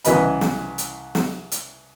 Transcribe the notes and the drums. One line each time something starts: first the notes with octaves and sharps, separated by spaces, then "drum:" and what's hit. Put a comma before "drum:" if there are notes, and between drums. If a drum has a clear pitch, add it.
C2 C#3 E3 B4 D#5 B5, drum: hi-hat
drum: snare
drum: hi-hat
drum: snare
drum: hi-hat